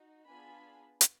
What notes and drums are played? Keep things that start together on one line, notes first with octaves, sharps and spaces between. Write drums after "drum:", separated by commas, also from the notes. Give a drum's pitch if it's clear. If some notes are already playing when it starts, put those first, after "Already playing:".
Already playing: D#4 F#4
B3 D4 F4 G#4 G#5 B5
drum: hi-hat